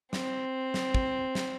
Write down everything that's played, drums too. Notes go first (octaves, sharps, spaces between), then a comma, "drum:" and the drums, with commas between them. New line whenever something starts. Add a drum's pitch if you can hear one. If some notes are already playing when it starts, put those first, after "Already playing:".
C4, drum: snare
drum: snare
drum: kick
drum: snare